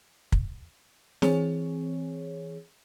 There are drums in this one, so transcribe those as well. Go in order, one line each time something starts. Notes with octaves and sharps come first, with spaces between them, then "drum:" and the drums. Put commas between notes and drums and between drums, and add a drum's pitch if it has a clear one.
drum: kick
E3 C4 G#4 C#5, drum: snare